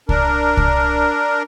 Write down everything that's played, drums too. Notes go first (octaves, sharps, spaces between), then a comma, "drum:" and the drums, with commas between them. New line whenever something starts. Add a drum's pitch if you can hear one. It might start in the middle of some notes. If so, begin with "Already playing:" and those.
D4 A#4, drum: kick C2
drum: kick C2